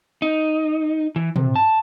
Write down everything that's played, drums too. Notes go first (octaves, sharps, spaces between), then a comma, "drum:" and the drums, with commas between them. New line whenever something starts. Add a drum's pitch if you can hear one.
D#4
E3
C3, drum: tom
A5